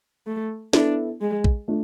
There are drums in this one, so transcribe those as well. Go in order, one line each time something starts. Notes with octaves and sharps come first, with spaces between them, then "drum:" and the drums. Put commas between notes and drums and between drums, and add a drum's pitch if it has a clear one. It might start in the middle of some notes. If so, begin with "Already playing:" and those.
A3
B3 D4 E4 A4, drum: snare
G#3
drum: kick A#1
A3 D4 F4